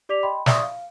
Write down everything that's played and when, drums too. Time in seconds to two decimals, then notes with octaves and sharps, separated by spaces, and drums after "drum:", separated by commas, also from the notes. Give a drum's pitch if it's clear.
0.09 G4 D5 D6 B6 F7
0.23 D#5 G5 B5 C6
0.46 D5 E5 C6 C#6 D#6, drum: snare
0.62 F5